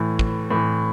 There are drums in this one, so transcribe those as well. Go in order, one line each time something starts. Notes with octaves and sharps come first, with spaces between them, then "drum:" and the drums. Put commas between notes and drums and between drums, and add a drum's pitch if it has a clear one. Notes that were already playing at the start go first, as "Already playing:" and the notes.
Already playing: A2 E3
drum: kick
A2 E3